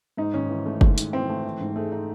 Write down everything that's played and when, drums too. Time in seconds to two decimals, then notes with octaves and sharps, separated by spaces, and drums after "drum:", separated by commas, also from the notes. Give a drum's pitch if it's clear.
0.17 G#2 D#4
0.33 G#1 C#4
0.49 E3
0.66 A3
0.81 G#2, drum: kick F#1
0.98 G#1, drum: hi-hat
1.13 E3 C4
1.29 A3
1.45 E3
1.60 G#2
1.76 G#3 A3
1.92 D#4